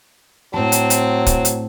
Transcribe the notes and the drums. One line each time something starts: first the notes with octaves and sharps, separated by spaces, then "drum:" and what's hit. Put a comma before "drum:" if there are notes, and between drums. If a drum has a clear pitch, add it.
A2 F#3 C4 C5 A5
drum: hi-hat
drum: hi-hat
drum: kick, hi-hat
drum: hi-hat